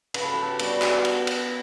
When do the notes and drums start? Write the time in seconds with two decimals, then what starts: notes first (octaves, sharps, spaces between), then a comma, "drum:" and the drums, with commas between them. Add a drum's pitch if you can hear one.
0.14 C#3 B4, drum: cymbal
0.24 A4
0.34 G4
0.42 A4
0.59 G3 B3 D4 F#4, drum: cymbal
0.82 drum: clap
1.05 drum: cymbal
1.27 drum: cymbal